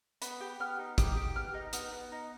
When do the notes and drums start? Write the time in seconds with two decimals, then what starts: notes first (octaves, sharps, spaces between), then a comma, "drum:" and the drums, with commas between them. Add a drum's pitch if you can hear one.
0.22 B3 B5, drum: hi-hat
0.41 G4
0.60 B3 F6
0.79 D#4
0.98 G4 D#6, drum: kick G#1, hi-hat
1.17 G4
1.35 B3 F6
1.54 D#4
1.73 B3, drum: hi-hat
1.92 B3
2.12 D#4